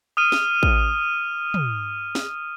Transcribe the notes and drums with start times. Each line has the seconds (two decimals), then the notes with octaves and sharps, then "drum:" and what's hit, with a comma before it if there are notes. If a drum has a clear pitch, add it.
0.17 D#6 F6 D#7
0.32 drum: snare
0.63 drum: kick A1
1.54 drum: tom
2.15 drum: snare